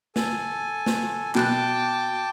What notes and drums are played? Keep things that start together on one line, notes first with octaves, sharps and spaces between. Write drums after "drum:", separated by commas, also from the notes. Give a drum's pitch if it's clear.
A4 G#5, drum: snare
drum: snare
B2 G5 A5 D6 F#6, drum: clap